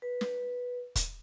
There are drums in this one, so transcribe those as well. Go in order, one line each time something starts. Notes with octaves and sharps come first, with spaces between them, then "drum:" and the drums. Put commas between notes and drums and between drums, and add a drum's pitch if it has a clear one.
B4
drum: snare
drum: kick, hi-hat